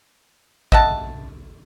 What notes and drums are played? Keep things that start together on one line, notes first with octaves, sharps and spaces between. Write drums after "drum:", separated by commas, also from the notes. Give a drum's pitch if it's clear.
D#5 E5 F#5 A5, drum: kick A1